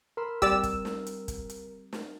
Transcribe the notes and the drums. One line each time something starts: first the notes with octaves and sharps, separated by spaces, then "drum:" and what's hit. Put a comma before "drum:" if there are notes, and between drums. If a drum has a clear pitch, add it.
A#4 B5 C6 E6
G3 C4 G4 D5 E6, drum: kick, hi-hat
drum: kick, hi-hat
drum: snare
drum: hi-hat
drum: kick, hi-hat
drum: hi-hat
drum: snare